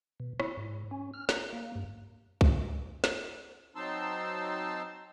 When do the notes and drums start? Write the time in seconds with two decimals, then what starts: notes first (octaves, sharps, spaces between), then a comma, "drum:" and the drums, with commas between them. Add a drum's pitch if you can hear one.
0.20 B2
0.40 E4, drum: rim click
0.57 G#2
0.91 C#4
1.14 F6
1.29 A#5, drum: snare
1.53 A#3
1.75 G2
2.41 drum: kick C2
3.04 drum: snare
3.76 F#3 C4 D#4 A5 C6 E6